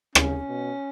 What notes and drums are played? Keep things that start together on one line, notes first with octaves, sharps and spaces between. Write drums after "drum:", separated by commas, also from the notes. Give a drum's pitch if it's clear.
C#3 C#4, drum: rim click
B2